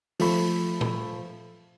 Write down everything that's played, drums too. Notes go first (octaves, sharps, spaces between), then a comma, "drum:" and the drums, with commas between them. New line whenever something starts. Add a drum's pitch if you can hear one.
F3 A3 B5, drum: open hi-hat
drum: tom A#2